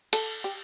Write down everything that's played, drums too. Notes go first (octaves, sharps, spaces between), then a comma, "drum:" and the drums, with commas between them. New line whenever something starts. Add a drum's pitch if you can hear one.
A4, drum: cymbal
G4